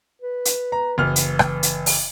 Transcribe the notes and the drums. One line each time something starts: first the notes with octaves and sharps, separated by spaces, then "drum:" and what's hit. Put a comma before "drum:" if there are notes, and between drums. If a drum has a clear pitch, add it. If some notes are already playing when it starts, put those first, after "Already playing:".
B4
drum: hi-hat
A#5
F#1 E3 F6
drum: hi-hat
drum: rim click
drum: hi-hat
drum: open hi-hat